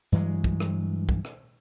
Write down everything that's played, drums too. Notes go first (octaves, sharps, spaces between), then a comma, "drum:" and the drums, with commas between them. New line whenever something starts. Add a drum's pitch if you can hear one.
G2 E3 F#3 G#3
drum: kick
drum: rim click
drum: kick
drum: rim click